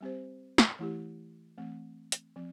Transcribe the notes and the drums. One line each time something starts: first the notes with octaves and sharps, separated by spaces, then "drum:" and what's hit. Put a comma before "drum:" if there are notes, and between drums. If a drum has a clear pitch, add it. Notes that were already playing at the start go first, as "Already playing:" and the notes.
G3 C4 G4 C5
drum: snare
E3 A3 E4 G4
E3 A3 C4
drum: hi-hat
F3 C4